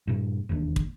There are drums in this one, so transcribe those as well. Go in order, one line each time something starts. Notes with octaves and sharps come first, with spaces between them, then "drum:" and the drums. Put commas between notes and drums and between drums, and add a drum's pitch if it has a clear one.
G2 A#2
E1 D#2 D4
drum: kick